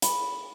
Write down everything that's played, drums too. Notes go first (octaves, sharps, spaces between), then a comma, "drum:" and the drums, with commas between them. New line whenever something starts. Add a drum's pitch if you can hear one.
B5, drum: hi-hat